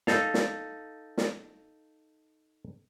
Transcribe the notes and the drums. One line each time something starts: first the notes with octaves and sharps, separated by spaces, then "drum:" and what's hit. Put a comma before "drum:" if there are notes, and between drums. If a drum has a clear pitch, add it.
D#4 A4 F5, drum: snare
drum: snare
drum: snare